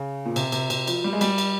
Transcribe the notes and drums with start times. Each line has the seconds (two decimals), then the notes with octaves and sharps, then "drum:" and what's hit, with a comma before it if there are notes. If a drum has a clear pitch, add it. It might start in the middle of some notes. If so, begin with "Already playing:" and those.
Already playing: C#3
0.25 A#2
0.36 C3, drum: cymbal
0.52 C3, drum: cymbal
0.70 C3, drum: cymbal
0.87 F3, drum: cymbal
1.04 G3
1.13 G#3
1.21 G3, drum: cymbal
1.38 drum: cymbal